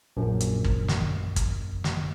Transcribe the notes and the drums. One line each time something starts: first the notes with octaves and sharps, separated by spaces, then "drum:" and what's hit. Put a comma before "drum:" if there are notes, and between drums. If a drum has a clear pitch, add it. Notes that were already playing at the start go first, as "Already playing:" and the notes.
A#1 F#2
drum: hi-hat
drum: kick
drum: snare
drum: kick, hi-hat
drum: snare